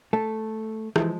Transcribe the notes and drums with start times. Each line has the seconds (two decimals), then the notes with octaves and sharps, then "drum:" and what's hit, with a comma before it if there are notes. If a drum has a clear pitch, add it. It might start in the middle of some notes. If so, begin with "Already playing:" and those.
0.13 A3 A4
0.96 E3 F3 G#3 E4, drum: rim click